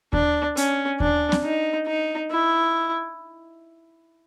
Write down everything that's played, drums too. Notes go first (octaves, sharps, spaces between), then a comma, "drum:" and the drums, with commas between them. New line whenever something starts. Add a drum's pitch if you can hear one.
D4, drum: kick D#2
C#4, drum: hi-hat
D4, drum: kick D#2
drum: snare C4
D#4
D#4
E4